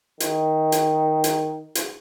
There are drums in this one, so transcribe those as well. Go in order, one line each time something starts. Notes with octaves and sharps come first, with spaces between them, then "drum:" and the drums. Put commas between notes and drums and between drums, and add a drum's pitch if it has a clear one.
D#3, drum: hi-hat
drum: hi-hat
drum: hi-hat
drum: hi-hat